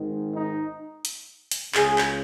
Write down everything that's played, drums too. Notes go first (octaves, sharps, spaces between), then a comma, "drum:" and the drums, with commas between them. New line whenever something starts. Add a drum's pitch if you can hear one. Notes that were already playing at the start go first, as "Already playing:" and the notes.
Already playing: G#1 G#2 D#3
D#4
drum: hi-hat
drum: hi-hat
C#2 C#3 G#4, drum: clap
drum: clap